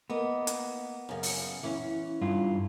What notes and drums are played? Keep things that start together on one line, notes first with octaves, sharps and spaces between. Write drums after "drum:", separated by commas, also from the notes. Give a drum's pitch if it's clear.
A#3 B3 D#5
drum: hi-hat
F#2 C#3 F5
drum: open hi-hat
E3 C#4
G2 F4